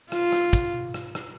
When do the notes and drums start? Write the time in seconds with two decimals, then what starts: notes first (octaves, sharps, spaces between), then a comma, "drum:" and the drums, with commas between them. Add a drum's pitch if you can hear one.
0.12 F4, drum: rim click
0.32 drum: rim click
0.53 drum: kick, hi-hat
0.94 drum: rim click
1.15 drum: rim click